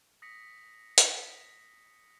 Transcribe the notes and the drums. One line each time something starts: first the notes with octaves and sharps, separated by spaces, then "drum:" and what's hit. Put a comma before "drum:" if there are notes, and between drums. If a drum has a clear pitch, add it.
D#6 A#6 B6 C#7
drum: hi-hat